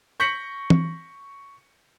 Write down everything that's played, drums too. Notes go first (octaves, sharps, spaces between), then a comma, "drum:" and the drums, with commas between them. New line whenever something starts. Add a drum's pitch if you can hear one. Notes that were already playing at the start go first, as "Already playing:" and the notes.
C#6 G6 A#6 B6 C#7 F#7
drum: tom E3